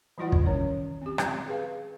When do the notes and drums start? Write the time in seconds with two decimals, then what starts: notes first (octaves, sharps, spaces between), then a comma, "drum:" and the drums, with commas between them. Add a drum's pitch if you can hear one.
0.18 E3 G3 E4 F4 D5 F#5
0.32 drum: kick
0.46 D#3 C#4 C#5
1.02 C4 G4
1.18 drum: rim click
1.48 G#4 B4 F5